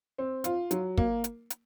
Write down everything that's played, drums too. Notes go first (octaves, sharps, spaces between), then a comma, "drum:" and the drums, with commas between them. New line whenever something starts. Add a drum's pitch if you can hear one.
C4
F4, drum: hi-hat
F#3, drum: hi-hat
A#3, drum: kick
drum: hi-hat
drum: hi-hat